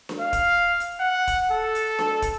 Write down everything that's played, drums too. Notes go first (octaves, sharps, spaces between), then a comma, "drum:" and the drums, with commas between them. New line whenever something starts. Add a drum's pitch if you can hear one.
drum: snare D4
F5
drum: kick, hi-hat
drum: hi-hat
F#5
drum: kick, hi-hat
A4
drum: hi-hat
drum: snare D4
drum: kick, hi-hat